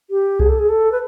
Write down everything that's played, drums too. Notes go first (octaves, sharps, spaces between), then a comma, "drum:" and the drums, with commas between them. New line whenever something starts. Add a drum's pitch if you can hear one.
G4
G#4, drum: kick C2
A4
G#4
A4
B4